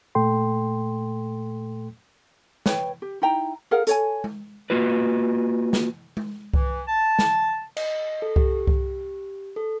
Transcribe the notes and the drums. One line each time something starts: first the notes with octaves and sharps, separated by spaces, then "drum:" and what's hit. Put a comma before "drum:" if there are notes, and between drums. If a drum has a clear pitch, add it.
A#2 A3 A4 G5 C6
B4 C#5 G5, drum: snare
G4
D#4 E4 G5 A#5
G#4 A#4 F5 F#5
A4 C#5 G#5, drum: hi-hat
drum: tom G#3
A#3 F4 F#4 B4
drum: snare
drum: tom G#3
E3, drum: kick C2
A5
drum: snare
D#5, drum: cymbal
A4
G4, drum: kick C2
drum: kick C2
A4